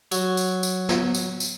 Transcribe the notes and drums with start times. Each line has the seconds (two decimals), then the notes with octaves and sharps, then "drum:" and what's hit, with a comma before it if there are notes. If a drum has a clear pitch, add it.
0.12 F#3, drum: tambourine
0.37 drum: tambourine
0.63 drum: tambourine
0.89 drum: snare
1.15 drum: tambourine
1.40 drum: tambourine